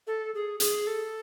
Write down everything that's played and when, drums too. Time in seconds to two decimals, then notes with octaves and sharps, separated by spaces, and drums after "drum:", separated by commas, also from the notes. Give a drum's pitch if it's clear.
0.07 A4
0.35 G#4
0.60 G#4, drum: hi-hat
0.87 A4